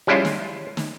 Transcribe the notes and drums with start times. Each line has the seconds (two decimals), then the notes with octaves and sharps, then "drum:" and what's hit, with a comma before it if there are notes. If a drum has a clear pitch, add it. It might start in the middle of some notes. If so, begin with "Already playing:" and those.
0.07 F3 G3 G#3 C#4 E4 F4
0.25 drum: snare
0.77 drum: snare